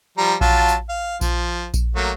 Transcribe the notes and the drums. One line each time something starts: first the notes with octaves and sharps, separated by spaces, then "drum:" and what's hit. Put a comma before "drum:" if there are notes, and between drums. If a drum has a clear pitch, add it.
F3 G3 A#5
F#3 F4 A5, drum: kick A#1
drum: tambourine
F5
F3, drum: kick A#1, tambourine
drum: kick A#1, tambourine
F#3 A3 A#3